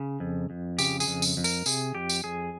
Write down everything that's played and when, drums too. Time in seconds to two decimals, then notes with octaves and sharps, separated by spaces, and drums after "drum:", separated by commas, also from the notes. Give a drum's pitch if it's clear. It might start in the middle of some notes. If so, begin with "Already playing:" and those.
Already playing: C#3
0.20 F2
0.50 F2
0.78 C#3 G4, drum: tambourine
1.00 G#4, drum: tambourine
1.07 F2
1.22 drum: tambourine
1.37 F2
1.44 A#4, drum: tambourine
1.66 C3 G#4, drum: tambourine
1.95 F2 G4
2.09 drum: tambourine
2.24 F2 G#4